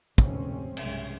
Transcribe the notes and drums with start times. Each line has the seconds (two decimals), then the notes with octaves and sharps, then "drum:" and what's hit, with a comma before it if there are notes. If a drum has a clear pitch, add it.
0.18 F1 D2 G#2 B2 C4 C#4, drum: kick
0.77 B1 G2 C3 G#3 C#4, drum: cymbal